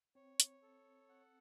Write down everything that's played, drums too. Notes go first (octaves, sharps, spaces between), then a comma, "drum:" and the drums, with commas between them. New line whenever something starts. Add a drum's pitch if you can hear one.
C4 C#5
drum: hi-hat
A4
F#5